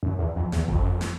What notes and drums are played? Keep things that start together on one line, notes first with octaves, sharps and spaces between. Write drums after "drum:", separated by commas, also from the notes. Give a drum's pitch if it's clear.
F#2
E2
F2
E2, drum: snare
F2, drum: kick G1
F#2
F2
drum: snare